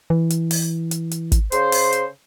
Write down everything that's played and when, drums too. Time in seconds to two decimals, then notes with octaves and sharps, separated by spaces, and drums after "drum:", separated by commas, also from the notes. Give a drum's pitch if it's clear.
0.10 E3
0.30 drum: hi-hat
0.51 drum: open hi-hat
0.91 drum: hi-hat
1.11 drum: hi-hat
1.32 drum: kick, hi-hat
1.52 C#3 C5, drum: hi-hat
1.72 drum: open hi-hat
1.93 drum: hi-hat